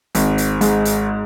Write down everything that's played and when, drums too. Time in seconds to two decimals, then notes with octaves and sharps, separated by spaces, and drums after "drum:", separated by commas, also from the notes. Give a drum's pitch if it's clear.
0.15 G#1, drum: hi-hat
0.38 drum: hi-hat
0.61 G#2, drum: hi-hat
0.85 drum: hi-hat